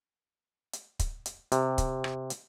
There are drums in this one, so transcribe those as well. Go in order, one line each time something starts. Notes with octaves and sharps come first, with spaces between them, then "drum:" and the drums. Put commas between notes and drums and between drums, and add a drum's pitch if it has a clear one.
drum: hi-hat
drum: kick, hi-hat
drum: hi-hat
C3, drum: hi-hat
drum: kick, hi-hat
drum: rim click
drum: hi-hat